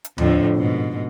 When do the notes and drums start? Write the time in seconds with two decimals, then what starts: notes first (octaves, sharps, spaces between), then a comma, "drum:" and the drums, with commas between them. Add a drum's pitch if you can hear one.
0.04 drum: hi-hat
0.18 F2 A2 D3, drum: tom D#2
0.55 G#2 B2